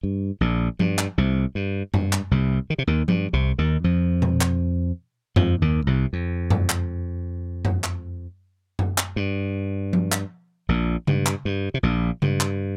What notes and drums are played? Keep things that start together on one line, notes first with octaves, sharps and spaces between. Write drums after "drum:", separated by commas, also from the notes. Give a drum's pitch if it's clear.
G2
A#1 A#2
G2, drum: tom F3
drum: clap
C2 C3
G2
G2, drum: tom F#2
drum: clap
C2 C3
D#3
C3
D#2 D#3
G2, drum: tom F3
C2 C3
D#2 D#3
F2 F3
drum: tom A#2
drum: clap
F2 F3, drum: tom F#2
D#2 D#3
C2 C3
F2
drum: tom F#2
drum: clap
drum: tom F#2
drum: clap
drum: tom F#2
drum: clap
G2
drum: tom F3
drum: clap
A#1 A#2
G2, drum: tom C#3
drum: clap
G2
C3
A#1 A#2
G2, drum: tom C#3
drum: clap